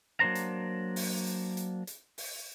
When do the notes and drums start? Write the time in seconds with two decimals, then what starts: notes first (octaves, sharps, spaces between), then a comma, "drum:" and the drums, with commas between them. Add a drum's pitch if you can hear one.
0.20 F#3 A#3 D4 C5 A#5
0.35 drum: hi-hat
0.96 drum: open hi-hat
1.27 drum: hi-hat
1.57 drum: hi-hat
1.87 drum: hi-hat
2.18 drum: open hi-hat